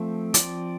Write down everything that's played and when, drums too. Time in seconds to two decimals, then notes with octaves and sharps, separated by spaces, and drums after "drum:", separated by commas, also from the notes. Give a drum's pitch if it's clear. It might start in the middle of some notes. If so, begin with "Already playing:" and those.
Already playing: F3 A3 C4
0.34 F3 C4 D5, drum: hi-hat